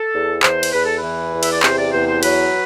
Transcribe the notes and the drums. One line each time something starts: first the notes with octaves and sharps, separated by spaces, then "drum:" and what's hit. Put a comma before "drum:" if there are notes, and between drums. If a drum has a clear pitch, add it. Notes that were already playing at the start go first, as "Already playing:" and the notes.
Already playing: A4
E2
E2 C5, drum: clap
drum: cymbal
E2 B4
A4
E3 B4
E2
E5, drum: cymbal
D5
C3 C5, drum: clap
D5
E2 C5
C5
F#3 B4, drum: cymbal